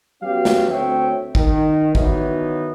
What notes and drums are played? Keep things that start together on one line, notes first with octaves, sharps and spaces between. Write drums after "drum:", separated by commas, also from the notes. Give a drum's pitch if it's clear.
F#3 B3 C#4 G4 F5
drum: snare
D2 C4 C#5 E5 G5
D#3, drum: kick G#1
D#3 E3 F#3 B3 D#4, drum: kick G#1